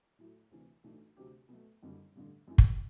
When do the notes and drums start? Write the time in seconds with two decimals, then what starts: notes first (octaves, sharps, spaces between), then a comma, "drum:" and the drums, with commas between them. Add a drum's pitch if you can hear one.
0.19 A2 F#3 A3 E4
0.51 D2 C3 E3
0.84 B1 A2 E3 A3 D4
1.17 D2 C3 F#3 C4 G4
1.49 B2 F#3 A3
1.83 F#1 F#2 D3 G3
2.15 A1 G2 D3
2.48 F#2 E3 A3 E4
2.58 drum: kick